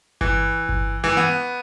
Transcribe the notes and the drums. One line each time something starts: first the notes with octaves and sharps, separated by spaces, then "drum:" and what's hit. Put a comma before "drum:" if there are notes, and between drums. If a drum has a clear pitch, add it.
E3, drum: kick G1
drum: kick G1
E3
B3